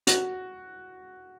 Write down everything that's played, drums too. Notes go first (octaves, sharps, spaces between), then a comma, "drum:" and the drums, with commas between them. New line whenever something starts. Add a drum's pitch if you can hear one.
F#4, drum: hi-hat